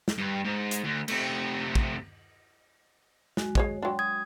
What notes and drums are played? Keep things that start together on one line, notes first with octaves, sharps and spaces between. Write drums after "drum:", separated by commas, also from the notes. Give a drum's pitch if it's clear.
drum: snare
G2
G#2
drum: hi-hat
D2
C3 A3, drum: cymbal
drum: kick
G#3 F#4, drum: snare
G#4 C#5 D#5, drum: kick
F#3 D4 G5 C6
D#6 G#6